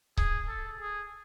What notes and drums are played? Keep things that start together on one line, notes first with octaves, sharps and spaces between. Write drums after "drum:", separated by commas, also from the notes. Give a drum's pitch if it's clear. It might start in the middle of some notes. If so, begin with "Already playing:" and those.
G#4, drum: kick C#1
A4
G#4